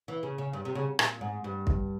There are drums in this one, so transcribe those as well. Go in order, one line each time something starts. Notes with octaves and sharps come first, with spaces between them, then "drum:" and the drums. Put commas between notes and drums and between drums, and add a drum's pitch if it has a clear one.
E3
C#3
C#3
G2
C3
C#3
A#2, drum: rim click
G#2
G2
drum: kick